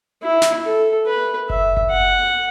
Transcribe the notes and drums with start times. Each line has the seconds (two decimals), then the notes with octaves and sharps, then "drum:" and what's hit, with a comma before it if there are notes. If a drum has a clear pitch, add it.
0.23 E4
0.42 drum: snare
0.66 A4
1.07 B4
1.50 E5, drum: kick F#1
1.77 drum: kick F#1
1.91 F#5